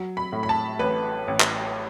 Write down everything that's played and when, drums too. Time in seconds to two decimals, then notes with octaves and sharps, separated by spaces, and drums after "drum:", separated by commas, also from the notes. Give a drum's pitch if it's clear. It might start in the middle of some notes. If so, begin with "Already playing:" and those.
Already playing: F#3
0.17 B5
0.32 A2
0.43 B5
0.49 A5
0.79 A1 B4
1.28 A1
1.40 drum: clap